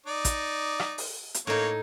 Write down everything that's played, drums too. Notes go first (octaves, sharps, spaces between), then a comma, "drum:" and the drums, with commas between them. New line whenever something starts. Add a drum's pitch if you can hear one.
D#4 D5
drum: kick, hi-hat
drum: rim click
drum: open hi-hat
drum: hi-hat
A2 A#3 D#4 C#5